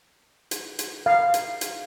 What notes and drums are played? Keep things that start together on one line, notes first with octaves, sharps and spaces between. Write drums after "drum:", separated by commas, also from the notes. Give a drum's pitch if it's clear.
drum: hi-hat
drum: hi-hat
F5
drum: hi-hat
drum: hi-hat